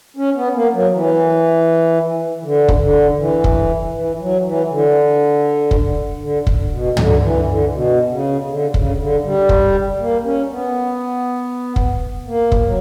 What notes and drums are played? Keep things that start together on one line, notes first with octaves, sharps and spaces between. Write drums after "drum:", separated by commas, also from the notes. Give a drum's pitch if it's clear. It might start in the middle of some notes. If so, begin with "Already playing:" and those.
C#4
B3
A#3
F#3
E3
E3
D3
drum: kick
D3
E3
drum: kick
E3
F#3
E3
D3
drum: kick
D3
drum: kick
B2
D3, drum: tom
E3
D3
B2
C#3
C#3
D3
C#3, drum: kick
D3
G3
drum: kick
A#3
C#4
B3
drum: kick
A#3
drum: kick
F#3